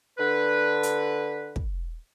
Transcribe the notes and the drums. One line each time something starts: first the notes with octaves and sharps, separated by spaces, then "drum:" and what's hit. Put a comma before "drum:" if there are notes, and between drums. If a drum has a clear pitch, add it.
D3 B4
drum: hi-hat
drum: kick